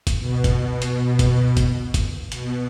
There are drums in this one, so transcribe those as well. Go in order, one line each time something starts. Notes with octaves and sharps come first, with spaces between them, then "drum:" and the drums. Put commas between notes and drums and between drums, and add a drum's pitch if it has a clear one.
drum: kick F#1, hi-hat
B2
drum: kick F#1, hi-hat
drum: hi-hat
drum: kick F#1, hi-hat
drum: kick F#1, hi-hat
drum: kick F#1, hi-hat
B2, drum: hi-hat